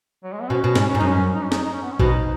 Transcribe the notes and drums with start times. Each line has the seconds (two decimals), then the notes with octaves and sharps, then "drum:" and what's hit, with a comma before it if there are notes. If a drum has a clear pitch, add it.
0.24 F#3
0.33 G#3
0.41 B3
0.50 B2 C#4
0.64 B2
0.75 G#2, drum: snare
0.88 C#4
0.95 G#2
0.98 F#2 D#4
1.07 C#4
1.35 D#4
1.43 C#4
1.52 D#4, drum: snare
1.64 D#4
1.73 C#4
1.83 B3
1.92 C#4
2.00 B2 D#4, drum: kick A#1